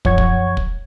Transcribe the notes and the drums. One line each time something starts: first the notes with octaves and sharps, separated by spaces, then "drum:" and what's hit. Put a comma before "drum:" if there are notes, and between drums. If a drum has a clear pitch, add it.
F#2 F3 C#5 F#5 C#6 G#6, drum: kick
drum: kick
drum: kick